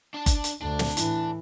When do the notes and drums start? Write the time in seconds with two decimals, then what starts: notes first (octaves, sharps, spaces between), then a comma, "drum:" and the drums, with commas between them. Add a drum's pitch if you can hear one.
0.14 D4 A5
0.26 drum: kick F#1, hi-hat
0.44 drum: hi-hat
0.62 D2 D4
0.79 drum: snare
0.97 A2 E3, drum: hi-hat